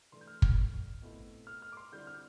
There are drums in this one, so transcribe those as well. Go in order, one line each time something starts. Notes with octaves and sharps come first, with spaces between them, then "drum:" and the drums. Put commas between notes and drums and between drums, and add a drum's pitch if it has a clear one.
E3 A3 D4 C6
G6
F6
F6, drum: kick
B2 A3 C4 E4
F6
F6
D6
C6
D3 G3 C4 E4 G6
F6